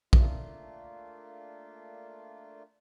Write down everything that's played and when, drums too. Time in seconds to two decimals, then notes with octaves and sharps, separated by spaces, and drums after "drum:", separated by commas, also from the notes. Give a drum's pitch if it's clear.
0.13 A3 A#3 D4 F4, drum: kick